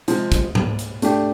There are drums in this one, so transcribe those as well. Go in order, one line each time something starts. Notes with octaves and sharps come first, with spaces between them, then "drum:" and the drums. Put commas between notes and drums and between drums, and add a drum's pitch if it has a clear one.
C3 F3 G#3, drum: hi-hat
drum: kick, hi-hat
drum: tom G#2
drum: hi-hat
A3 D4 G4, drum: hi-hat